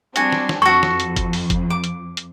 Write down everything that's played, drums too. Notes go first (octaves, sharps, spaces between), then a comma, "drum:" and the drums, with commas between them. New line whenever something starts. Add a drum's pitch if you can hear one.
G3 C4 D4 F#4 G#5, drum: hi-hat
drum: snare
drum: snare
F2 F#4 A4 C#6
drum: snare
drum: hi-hat
drum: kick F#1, hi-hat
drum: open hi-hat
drum: kick F#1, hi-hat
D6
drum: hi-hat
drum: hi-hat